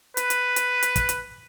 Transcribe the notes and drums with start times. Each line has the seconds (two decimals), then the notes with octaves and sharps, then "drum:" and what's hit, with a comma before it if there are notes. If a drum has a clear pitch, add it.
0.17 B4, drum: hi-hat
0.30 drum: hi-hat
0.56 drum: hi-hat
0.83 drum: hi-hat
0.96 drum: kick, hi-hat
1.09 drum: hi-hat